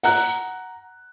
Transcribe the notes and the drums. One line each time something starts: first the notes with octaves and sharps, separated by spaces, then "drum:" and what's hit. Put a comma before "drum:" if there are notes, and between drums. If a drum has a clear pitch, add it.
F#5 A#5 F#6, drum: open hi-hat